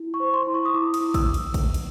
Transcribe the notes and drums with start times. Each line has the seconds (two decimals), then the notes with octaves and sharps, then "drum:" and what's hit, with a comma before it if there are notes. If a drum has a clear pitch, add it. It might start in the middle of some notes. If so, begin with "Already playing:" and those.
Already playing: E4
0.14 C#6
0.20 C5
0.34 C6
0.47 E4
0.54 C#6
0.65 D#6
0.74 E4 D6
0.94 D#6, drum: cymbal
1.01 E4
1.14 E6, drum: kick A#1, cymbal
1.34 drum: cymbal
1.54 drum: kick A#1, cymbal
1.74 drum: cymbal